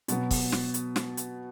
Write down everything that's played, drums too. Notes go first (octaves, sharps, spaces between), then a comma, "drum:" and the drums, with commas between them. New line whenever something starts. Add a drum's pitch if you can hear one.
B2 F#3 B3, drum: hi-hat
drum: kick, open hi-hat
drum: snare
drum: hi-hat
drum: snare
drum: hi-hat